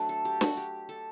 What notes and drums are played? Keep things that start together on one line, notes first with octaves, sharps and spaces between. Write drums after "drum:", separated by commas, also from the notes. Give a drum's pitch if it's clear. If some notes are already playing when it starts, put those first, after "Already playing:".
Already playing: F#3 A3 D4
A4
G4
F#4, drum: snare
G4
A4